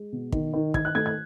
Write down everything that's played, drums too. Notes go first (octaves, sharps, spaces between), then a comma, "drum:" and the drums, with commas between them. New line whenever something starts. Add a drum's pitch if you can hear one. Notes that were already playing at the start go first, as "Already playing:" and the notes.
Already playing: G#3
B2
D#3, drum: kick
D#3
D#3 G#6, drum: kick
F#6
A3 G#6
G#6